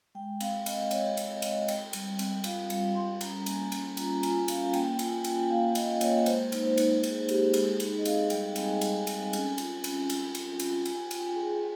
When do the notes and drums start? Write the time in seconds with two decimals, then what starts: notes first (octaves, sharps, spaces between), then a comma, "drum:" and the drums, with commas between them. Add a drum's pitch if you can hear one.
0.15 G#3 G5
0.41 C4 F5, drum: cymbal
0.66 C4 D#5, drum: cymbal
0.91 C4 C#5, drum: cymbal
1.17 G#3, drum: cymbal
1.30 D#5
1.42 C4, drum: cymbal
1.68 C4 G5, drum: cymbal
1.93 G3, drum: cymbal
2.19 C4, drum: cymbal
2.44 F4 F5, drum: cymbal
2.70 G3 F5, drum: cymbal
2.95 G3 C6
3.21 C#4 A#5, drum: cymbal
3.46 A#3 G#5, drum: cymbal
3.72 C#4 A#5, drum: cymbal
3.97 F4 A#5, drum: cymbal
4.18 A#5
4.23 F4 G#5, drum: cymbal
4.48 C#4 F5, drum: cymbal
4.74 A#3 G5, drum: cymbal
4.99 F4 G#5, drum: cymbal
5.24 F4 G5, drum: cymbal
5.50 A#3 F5
5.75 A#3 D#5, drum: cymbal
6.01 A#3 C#5, drum: cymbal
6.26 G#3 C5, drum: cymbal
6.52 D#4, drum: cymbal
6.64 C5
6.78 D#4, drum: cymbal
7.03 D#4 G#4, drum: cymbal
7.29 D#4 G4, drum: cymbal
7.54 G#3 G#4, drum: cymbal
7.80 D#4 G#4, drum: cymbal
7.98 D#5
8.05 C4 F5, drum: cymbal
8.30 G3 G5, drum: cymbal
8.56 C4 G#5, drum: cymbal
8.81 G3, drum: cymbal
8.95 G#5
9.07 C4, drum: cymbal
9.33 C#4, drum: cymbal
9.58 F4, drum: cymbal
9.84 C#4, drum: cymbal
10.10 C#4, drum: cymbal
10.35 F4, drum: cymbal
10.60 F4, drum: cymbal
10.85 F4 G#5, drum: cymbal
11.11 F4 G5, drum: cymbal
11.36 F4 G#4